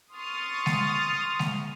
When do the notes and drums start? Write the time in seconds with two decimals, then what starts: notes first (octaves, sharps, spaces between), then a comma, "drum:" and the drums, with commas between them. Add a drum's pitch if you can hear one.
0.17 C6 C#6 D#6 F6 A6
0.66 drum: snare
1.39 drum: snare